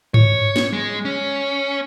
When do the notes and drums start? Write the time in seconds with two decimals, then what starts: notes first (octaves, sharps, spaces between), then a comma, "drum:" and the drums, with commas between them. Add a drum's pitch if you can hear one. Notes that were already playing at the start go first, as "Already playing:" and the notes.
0.14 C#5, drum: tom G#2
0.56 drum: snare
0.73 G#3
1.05 C#4